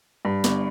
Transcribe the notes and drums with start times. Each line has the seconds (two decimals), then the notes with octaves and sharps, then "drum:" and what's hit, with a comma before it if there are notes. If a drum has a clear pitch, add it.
0.25 G2
0.44 G1, drum: snare